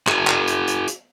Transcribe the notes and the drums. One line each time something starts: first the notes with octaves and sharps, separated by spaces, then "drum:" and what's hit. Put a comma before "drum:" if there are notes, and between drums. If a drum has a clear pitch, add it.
F#4 G#4, drum: clap
drum: clap
drum: hi-hat
drum: hi-hat
drum: hi-hat